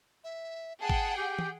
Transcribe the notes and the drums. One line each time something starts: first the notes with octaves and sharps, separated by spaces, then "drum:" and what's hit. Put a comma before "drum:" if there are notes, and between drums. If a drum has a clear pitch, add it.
E5
G#4 F#5 G5 A5
drum: kick
G4
drum: tom